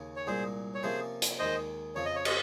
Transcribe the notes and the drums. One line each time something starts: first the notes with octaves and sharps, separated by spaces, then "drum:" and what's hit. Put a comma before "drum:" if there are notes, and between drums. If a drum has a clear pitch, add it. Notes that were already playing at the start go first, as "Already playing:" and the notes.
Already playing: D#2 C#3 C#4
C#5
C2 A#2 G#3 G#4 C5
C#5
C3 F3 A#3 C#4 G#4 C5
drum: hi-hat
D#2 D#3 G#3 C5 D#5
F2 C#3 F3 C#5
D#5
C#5
D#5, drum: cymbal